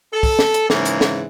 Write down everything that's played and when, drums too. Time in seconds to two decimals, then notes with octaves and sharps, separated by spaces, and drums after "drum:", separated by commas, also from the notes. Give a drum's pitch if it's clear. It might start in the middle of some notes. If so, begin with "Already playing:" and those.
0.13 A4
0.23 drum: kick, open hi-hat
0.39 drum: snare
0.54 drum: hi-hat
0.70 G#2 C#3 E3 A#3, drum: snare
0.85 drum: hi-hat
1.01 drum: snare